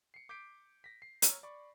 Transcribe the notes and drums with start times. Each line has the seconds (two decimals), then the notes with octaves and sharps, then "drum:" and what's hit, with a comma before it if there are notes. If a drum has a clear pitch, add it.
0.14 C7 C#7
0.29 D6 G6 B6 C7 D7
0.84 A#6 B6
1.02 C7
1.22 C#5 A#5 E6 F6, drum: hi-hat
1.43 D5 B5 C#6